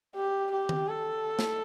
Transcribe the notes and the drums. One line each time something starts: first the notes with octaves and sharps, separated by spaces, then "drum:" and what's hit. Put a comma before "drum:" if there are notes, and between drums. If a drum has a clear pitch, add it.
G4
G4
drum: tom D#3
A4
drum: snare